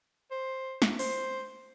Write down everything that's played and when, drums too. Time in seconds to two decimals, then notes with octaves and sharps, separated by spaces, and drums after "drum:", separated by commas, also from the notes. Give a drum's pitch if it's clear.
0.31 C5
0.82 drum: snare
0.99 C5, drum: open hi-hat